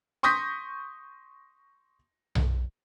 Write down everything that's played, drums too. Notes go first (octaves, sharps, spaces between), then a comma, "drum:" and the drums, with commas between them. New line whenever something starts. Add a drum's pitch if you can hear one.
C6 C#6 D#6 G6 A#6 B6
drum: tom B1